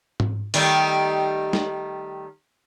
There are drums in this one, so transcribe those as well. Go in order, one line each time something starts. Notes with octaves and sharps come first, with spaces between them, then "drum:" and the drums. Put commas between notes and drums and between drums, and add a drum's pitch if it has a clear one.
drum: tom G#2
D#3 G3 A3, drum: open hi-hat
drum: snare